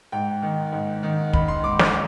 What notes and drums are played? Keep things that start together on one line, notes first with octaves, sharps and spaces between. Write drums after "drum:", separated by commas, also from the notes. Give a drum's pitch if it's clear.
G#2 G5
D#3
G#2
D#3
D#3 B5, drum: kick
C6
G#2 D6
D6, drum: snare